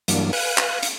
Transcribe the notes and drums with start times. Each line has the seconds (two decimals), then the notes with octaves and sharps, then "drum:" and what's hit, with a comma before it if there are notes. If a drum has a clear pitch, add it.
0.08 G2 E3 F#3 A#3 D4, drum: hi-hat
0.33 B4 F5 G#5 F#6, drum: open hi-hat
0.58 drum: clap
0.83 drum: hi-hat